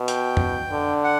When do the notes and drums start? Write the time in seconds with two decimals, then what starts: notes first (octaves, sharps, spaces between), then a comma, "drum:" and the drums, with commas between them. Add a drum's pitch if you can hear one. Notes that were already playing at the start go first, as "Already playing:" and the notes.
Already playing: B2
0.08 G5, drum: hi-hat
0.37 drum: tom F2
0.72 D3
1.04 F#5